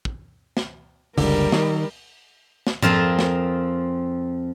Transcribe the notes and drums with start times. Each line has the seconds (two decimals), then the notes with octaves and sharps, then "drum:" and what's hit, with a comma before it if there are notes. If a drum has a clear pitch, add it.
0.05 drum: kick
0.57 drum: snare
1.18 F#1 C#2 D3 G3 A#4, drum: open hi-hat
1.52 D#3, drum: snare
2.67 drum: snare
2.82 F2 F3 C4 F4 G#4 A#4, drum: tom G#2
3.19 drum: snare